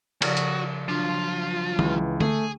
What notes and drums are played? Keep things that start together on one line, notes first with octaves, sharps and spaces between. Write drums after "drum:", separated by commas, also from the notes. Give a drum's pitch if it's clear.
C#3 F3 F#4 D5, drum: cymbal
drum: hi-hat
F3 F#3 D4 F4
C#2 E3, drum: tom
A3 G#4, drum: tom D3